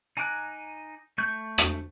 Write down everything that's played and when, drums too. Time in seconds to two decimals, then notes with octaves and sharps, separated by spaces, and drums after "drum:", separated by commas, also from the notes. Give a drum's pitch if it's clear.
0.17 D#4 G#5 A#5 D6 F#6
1.18 A3 C#6 G6
1.58 drum: rim click